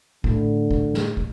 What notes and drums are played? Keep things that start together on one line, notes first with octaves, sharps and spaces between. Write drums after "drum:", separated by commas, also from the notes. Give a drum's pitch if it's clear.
A2 D3, drum: kick
drum: kick
drum: snare
drum: kick